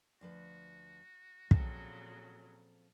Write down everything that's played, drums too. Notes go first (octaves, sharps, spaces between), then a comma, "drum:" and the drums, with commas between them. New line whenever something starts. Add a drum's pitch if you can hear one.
D2 F3 F#4 B4
A#2 C#3 F3 F#3 C4 A4, drum: kick